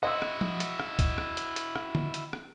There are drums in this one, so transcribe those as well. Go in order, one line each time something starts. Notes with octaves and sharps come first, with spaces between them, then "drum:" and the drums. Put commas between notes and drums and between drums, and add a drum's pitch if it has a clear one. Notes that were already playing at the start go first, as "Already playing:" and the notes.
E4 F#4 D#5 C6 E6
drum: rim click
drum: tom F3
drum: hi-hat
drum: rim click
drum: kick, hi-hat
drum: rim click
drum: hi-hat
drum: hi-hat
drum: rim click
drum: tom D3
drum: hi-hat
drum: rim click